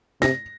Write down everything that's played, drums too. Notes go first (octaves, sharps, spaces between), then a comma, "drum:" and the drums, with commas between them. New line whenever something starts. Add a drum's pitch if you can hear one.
C3 A#6, drum: snare